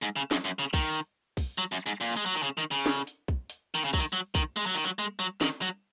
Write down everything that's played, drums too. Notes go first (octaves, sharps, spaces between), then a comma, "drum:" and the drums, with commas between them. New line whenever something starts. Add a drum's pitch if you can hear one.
G#2
C#3
F#2, drum: snare
F#2
C#3
D#3, drum: kick
drum: hi-hat
drum: kick, open hi-hat
F#3
F#2
G#2
A#2
G#3
F#3
D#3
C#3
D#3
C#3
drum: snare
drum: hi-hat
drum: kick
drum: hi-hat
D#3
C#3
F#3, drum: kick, open hi-hat
D#3
F#3
D#3, drum: kick
G#3
F#3
D#3, drum: hi-hat
F#3
G#3
F#3, drum: hi-hat
D#3, drum: snare
F#3, drum: hi-hat